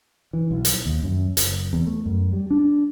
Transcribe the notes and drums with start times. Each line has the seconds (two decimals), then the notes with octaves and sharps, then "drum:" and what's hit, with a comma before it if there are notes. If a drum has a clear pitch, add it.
0.33 E3
0.51 B1
0.65 drum: hi-hat
0.86 D#2
1.03 F#2
1.37 F#1, drum: hi-hat
1.73 E2
1.87 A3
2.06 F#2
2.33 G3
2.51 D4